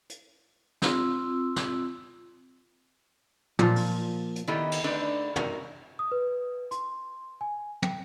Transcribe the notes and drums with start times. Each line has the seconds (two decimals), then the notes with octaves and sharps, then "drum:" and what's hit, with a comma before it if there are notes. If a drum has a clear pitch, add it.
0.10 drum: hi-hat
0.82 C4 F4 E6, drum: snare
1.56 drum: snare
3.59 A#2 F3, drum: tom
3.76 drum: open hi-hat
4.36 drum: hi-hat
4.47 D#3 B3 E4 G4 A4 D#5
4.72 drum: cymbal
4.84 D3 A3 C4 D4 D#4 B4
5.36 C3 D#4 F#4 A#4, drum: tom
5.99 D#6
6.12 B4
6.71 C6, drum: hi-hat
7.41 G#5
7.82 G5, drum: tom